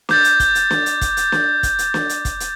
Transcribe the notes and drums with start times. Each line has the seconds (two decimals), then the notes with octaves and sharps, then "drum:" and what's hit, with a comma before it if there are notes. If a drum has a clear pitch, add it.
0.09 D6 G6 A6, drum: snare
0.24 drum: hi-hat
0.40 drum: kick, hi-hat
0.55 drum: hi-hat
0.71 drum: snare
0.86 drum: hi-hat
1.01 drum: kick, hi-hat
1.17 drum: hi-hat
1.32 drum: snare
1.63 drum: kick, hi-hat
1.79 drum: hi-hat
1.94 drum: snare
2.09 drum: hi-hat
2.25 drum: kick, hi-hat
2.40 drum: hi-hat